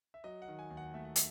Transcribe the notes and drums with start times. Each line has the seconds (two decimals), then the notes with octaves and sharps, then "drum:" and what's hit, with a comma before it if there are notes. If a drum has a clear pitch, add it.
0.14 E5
0.24 F#3 D#5
0.42 F#5
0.48 D#3
0.59 G#5
0.70 D#2
0.77 F#5
0.94 A3 E5
1.05 F#5
1.16 E5, drum: hi-hat